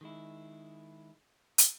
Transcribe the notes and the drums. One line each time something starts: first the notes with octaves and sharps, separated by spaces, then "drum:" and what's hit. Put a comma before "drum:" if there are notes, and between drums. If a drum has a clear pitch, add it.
D#3 G#3 E4
drum: hi-hat